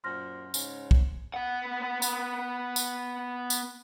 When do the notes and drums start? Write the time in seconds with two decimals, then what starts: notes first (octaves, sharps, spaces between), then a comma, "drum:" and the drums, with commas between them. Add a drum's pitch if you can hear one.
0.04 F#2 A#2 C5 C6 F6 A#6
0.54 G#2 C#3 C#4, drum: tambourine
0.91 drum: kick
1.34 B3 F#5
2.02 drum: tambourine
2.76 drum: tambourine
3.50 drum: tambourine